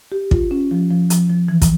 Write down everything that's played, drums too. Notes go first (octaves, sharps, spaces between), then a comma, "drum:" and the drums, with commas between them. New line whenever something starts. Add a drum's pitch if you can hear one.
G4
F4, drum: kick
C#4
F3
F3
F3, drum: hi-hat
F3
E3
drum: kick, hi-hat